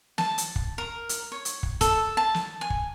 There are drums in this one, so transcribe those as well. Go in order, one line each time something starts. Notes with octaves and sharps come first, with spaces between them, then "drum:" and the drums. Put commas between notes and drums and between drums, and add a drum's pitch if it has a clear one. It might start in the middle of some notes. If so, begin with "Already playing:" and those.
A5, drum: snare
drum: hi-hat
drum: kick
A#4
drum: hi-hat
C#5
drum: hi-hat
drum: kick
A4, drum: kick, hi-hat
A5
drum: snare
G#5
drum: kick